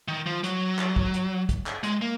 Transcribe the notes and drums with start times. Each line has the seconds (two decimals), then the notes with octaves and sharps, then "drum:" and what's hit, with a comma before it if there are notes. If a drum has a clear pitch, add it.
0.08 D#3
0.26 F3
0.44 F#3, drum: hi-hat
0.79 drum: clap
0.96 drum: kick
1.14 drum: hi-hat
1.49 drum: kick, hi-hat
1.66 drum: clap
1.84 G#3, drum: hi-hat
2.02 A#3